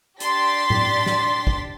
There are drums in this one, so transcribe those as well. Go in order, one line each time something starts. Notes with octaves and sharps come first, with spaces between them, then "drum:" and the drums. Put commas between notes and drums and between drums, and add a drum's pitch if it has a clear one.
D4 G4 C6 A6 B6, drum: hi-hat
drum: tom A2
drum: snare
drum: kick